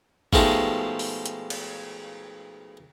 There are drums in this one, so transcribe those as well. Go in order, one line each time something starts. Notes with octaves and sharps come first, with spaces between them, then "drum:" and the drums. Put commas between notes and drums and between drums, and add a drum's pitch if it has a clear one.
B2 F3 G#3 A3 D#4 G4, drum: kick
drum: open hi-hat
drum: hi-hat
drum: cymbal